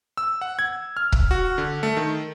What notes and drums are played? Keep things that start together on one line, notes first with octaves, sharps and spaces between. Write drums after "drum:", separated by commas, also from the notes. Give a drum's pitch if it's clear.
E6
F#5
G#6
F6
drum: kick
F#4
D3
A3
D#3